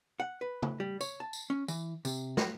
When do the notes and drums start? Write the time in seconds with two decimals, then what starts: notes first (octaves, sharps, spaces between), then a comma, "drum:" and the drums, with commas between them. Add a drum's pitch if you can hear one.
0.20 F#5
0.41 B4
0.62 drum: tom C#3
0.80 G3
1.01 C#5, drum: tambourine
1.20 A5
1.33 drum: tambourine
1.50 C#4
1.68 E3, drum: tambourine
2.05 C3, drum: tambourine
2.37 F#4, drum: snare